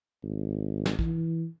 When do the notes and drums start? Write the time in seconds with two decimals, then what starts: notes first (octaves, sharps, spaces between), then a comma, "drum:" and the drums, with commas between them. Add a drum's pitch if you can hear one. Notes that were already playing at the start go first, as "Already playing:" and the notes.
0.23 G#1
0.86 drum: snare
0.99 E3, drum: kick